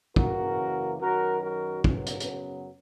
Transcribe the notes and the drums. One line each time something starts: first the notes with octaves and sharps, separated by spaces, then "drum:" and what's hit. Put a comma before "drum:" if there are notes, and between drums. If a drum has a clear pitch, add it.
F#2 C#3 E3 A#3 F#4 A#4, drum: kick
F#2 D#3 F#3 F#4 A#4
F#4 A#4
F#2 C#3 F#3 B3, drum: kick
drum: hi-hat
drum: hi-hat